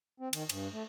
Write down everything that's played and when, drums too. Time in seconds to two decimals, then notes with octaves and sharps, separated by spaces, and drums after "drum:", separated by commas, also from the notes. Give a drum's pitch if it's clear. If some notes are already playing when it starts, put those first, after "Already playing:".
0.20 C4
0.33 D#3, drum: cymbal
0.49 G2, drum: cymbal
0.73 A3